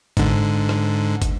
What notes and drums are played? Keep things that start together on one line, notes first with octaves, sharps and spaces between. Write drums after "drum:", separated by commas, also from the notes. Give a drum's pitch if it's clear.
G#2 D3, drum: kick, hi-hat
drum: rim click
drum: kick, hi-hat